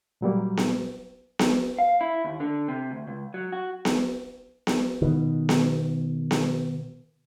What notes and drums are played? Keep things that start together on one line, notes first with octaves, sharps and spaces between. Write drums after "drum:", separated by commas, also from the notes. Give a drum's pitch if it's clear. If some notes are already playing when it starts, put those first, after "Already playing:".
A#2 F#3 G3 A#3
drum: snare B3
drum: snare B3
F5
E4
D#2
D3
C3
D2
C#2
F#3
F#4
drum: snare B3
drum: snare B3
B2 D#3
drum: snare B3
drum: snare B3